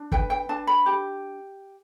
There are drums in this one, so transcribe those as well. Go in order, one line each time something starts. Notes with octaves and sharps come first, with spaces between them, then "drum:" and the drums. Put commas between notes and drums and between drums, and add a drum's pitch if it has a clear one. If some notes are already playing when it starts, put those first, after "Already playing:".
Already playing: D4
B4 G5, drum: kick
G5
D4 A5
B5
G4